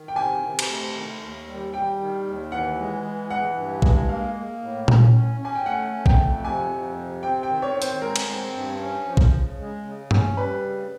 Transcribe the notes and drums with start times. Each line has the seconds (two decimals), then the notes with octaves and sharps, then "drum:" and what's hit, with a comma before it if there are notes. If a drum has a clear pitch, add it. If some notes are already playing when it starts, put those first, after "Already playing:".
Already playing: D#3
0.08 G5
0.16 C3 G#5
0.42 C3
0.59 drum: cymbal
0.69 A3
0.95 D#3
1.21 D#2
1.48 G3
1.73 G3 G5
1.99 D#3
2.26 D#2
2.52 E3 F#5
2.78 G#3
3.04 E3
3.30 E3 F#5
3.57 G2
3.82 G#3, drum: kick A#1
4.09 A#3 F5
4.35 A#3
4.62 A2
4.88 C#4, drum: tom A#2
5.13 C#4
5.40 C#4 G#5
5.55 G5
5.66 A3 F#5
5.92 A3
6.06 G5, drum: kick A#1
6.18 F2
6.45 C3 G#5
6.71 F2
6.97 C3
7.23 C4 G5
7.43 G5
7.49 D#3
7.62 C#5
7.75 C4
7.82 C5, drum: hi-hat
8.02 G#3 A#4
8.16 drum: cymbal
8.28 C4
8.54 G2
8.81 C#4
9.06 F3
9.17 drum: kick A#1
9.33 C#3
9.59 G#3
9.84 C#3
10.11 C#4, drum: tom G2
10.37 G3 B4
10.64 C#3